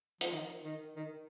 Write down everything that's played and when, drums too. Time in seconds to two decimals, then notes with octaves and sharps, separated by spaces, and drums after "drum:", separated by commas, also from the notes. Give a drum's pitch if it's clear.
0.21 F3, drum: hi-hat
0.32 D#3
0.64 D#3
0.96 D#3